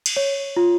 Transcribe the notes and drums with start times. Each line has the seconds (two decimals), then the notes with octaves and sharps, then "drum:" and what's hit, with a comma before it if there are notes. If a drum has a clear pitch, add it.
0.06 drum: cymbal
0.17 C#5
0.57 F4